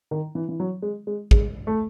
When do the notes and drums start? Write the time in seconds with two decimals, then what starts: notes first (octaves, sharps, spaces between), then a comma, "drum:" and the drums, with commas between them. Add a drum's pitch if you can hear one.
0.11 D#3
0.35 E3
0.49 E3
0.60 F#3
0.82 G#3
1.07 G#3
1.31 G#3, drum: kick
1.67 A3